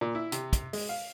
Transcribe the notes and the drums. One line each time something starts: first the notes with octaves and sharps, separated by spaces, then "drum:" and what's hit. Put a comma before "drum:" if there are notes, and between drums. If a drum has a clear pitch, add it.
A#2
E4
C3, drum: hi-hat
drum: kick, hi-hat
G#3, drum: open hi-hat
F5